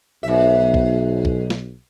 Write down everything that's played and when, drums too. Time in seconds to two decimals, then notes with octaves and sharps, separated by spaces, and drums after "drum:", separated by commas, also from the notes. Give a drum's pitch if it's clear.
0.23 B1 G#2 E5
0.74 drum: kick
1.25 drum: kick
1.50 drum: snare